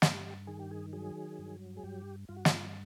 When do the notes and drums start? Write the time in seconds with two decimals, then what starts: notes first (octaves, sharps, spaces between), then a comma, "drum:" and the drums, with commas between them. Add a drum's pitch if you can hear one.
0.02 G2 G4, drum: snare
0.47 D#3 G#4
0.60 G4
0.71 G#4
0.93 F#3 G#4
1.39 G2
1.77 G#4
1.83 G2 G4
2.29 G2 F4
2.37 F#4
2.45 F4, drum: snare